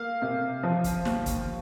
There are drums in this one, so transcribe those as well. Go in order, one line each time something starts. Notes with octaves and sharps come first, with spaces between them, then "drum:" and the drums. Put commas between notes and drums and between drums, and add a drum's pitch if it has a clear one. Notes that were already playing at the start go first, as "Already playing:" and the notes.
Already playing: A#3 F5
C3
F3
drum: kick, hi-hat
D#2, drum: snare
drum: kick, hi-hat